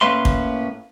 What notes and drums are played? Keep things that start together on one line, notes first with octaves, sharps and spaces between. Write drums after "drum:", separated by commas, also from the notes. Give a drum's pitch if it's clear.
A2 A#3 C#4 B4 E5 C6
drum: kick